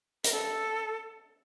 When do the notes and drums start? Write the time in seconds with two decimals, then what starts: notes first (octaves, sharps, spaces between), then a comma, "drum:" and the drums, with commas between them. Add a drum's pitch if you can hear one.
0.24 A#4, drum: hi-hat
0.32 A4